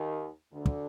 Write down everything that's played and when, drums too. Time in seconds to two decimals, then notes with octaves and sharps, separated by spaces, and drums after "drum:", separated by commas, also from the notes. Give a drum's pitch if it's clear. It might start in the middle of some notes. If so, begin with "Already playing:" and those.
Already playing: D#2 D#3
0.52 D2 D3
0.66 drum: kick